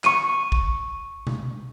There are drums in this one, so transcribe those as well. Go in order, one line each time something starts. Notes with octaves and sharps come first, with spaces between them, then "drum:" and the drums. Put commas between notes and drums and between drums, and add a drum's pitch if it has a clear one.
C#6 D#7, drum: clap
drum: kick
drum: tom B2